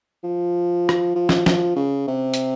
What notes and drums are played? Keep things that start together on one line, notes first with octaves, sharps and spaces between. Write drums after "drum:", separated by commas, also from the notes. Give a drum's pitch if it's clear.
F3
drum: rim click
F3
drum: snare
F3, drum: snare
C#3
C3
drum: hi-hat